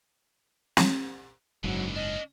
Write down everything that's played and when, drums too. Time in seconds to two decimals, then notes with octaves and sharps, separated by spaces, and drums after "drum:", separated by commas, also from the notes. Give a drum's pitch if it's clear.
0.77 drum: snare
1.64 F#1 G#2 B2 D3 F#3
1.96 C#4 D4 D#5